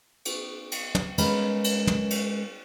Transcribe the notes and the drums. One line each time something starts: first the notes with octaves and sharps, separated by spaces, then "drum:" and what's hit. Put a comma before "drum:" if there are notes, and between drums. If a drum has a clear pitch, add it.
drum: cymbal
drum: cymbal
drum: tom
G#3 C#4 A#4 B4, drum: cymbal
drum: cymbal
drum: tom
drum: cymbal